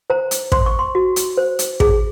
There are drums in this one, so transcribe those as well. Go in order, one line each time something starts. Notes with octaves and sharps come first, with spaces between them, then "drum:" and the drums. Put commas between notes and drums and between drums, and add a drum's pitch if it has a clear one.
C5 A#5
drum: hi-hat
C5 C6, drum: kick
C#6
C6
F#4
drum: hi-hat
C5
drum: hi-hat
G#4, drum: kick